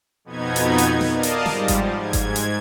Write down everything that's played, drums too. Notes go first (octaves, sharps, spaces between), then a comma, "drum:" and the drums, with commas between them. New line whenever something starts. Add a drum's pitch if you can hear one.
F2 B2 B3 D#4 G#6
drum: hi-hat
drum: hi-hat
drum: snare
A#4 D5 D#5 F5 A5 D#6
drum: hi-hat
G#2 F3 G3, drum: snare
drum: kick G1, hi-hat
G#2 G#6
drum: kick G1, hi-hat
drum: hi-hat